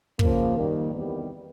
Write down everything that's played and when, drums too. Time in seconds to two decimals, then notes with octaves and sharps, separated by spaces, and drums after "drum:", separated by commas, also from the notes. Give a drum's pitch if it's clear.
0.19 C#3 F3 A#3, drum: kick
0.57 D#3 G3 A#3
0.92 E2 C3 D#3 G3 B3